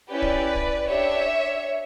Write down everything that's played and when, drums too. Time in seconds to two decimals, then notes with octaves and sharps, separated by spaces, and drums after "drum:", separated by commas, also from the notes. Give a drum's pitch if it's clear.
0.11 C#4 E4 G4 B4 D5
0.22 drum: kick
0.55 drum: kick
0.89 D4 G4 C#5 E5